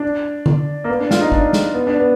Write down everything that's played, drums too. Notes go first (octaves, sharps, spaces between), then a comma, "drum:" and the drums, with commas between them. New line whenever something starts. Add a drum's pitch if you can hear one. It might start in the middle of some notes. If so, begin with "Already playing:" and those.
Already playing: D4
drum: tom D3
A#3
B3
D4
F4, drum: snare
D#4
D4, drum: kick
drum: snare
B3
D4
B3